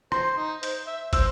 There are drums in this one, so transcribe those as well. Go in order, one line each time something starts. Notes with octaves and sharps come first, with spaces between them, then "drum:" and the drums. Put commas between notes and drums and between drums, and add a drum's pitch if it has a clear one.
C5 C6, drum: rim click
D#4
C5, drum: hi-hat
E5
C5 E6, drum: kick, hi-hat